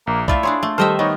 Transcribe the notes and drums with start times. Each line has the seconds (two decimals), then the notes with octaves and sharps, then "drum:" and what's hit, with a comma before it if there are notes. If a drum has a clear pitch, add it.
0.07 A#1 A#3
0.28 A3 E4 F4 D5 E5, drum: kick
0.43 D4 G#4 C#5 C6
0.63 A3
0.78 D#3 G3 A4 C5 D#5 E5 F6
0.99 B3 D#4 G4 C#5 D#5